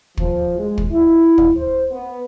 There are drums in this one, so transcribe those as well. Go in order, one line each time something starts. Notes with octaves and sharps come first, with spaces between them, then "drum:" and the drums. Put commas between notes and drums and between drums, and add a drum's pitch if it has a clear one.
F3, drum: kick
G#3
drum: kick
E4
drum: kick
C5
B3